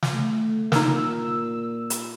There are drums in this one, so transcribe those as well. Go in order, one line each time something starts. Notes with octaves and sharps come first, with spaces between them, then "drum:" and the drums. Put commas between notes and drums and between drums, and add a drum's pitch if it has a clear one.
drum: snare
A3
A#2 D#4 A#4 E6, drum: snare
drum: hi-hat